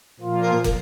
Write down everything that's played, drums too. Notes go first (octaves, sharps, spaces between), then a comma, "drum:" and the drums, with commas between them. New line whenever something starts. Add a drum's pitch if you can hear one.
A#2 F3 A#3 F4
A#4
A#4, drum: kick, hi-hat